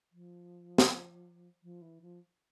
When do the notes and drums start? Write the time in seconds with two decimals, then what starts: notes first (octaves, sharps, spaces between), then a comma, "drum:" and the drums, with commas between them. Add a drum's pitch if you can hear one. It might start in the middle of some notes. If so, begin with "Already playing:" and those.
0.12 F3
0.78 drum: snare
1.63 F3
1.82 E3
2.02 F3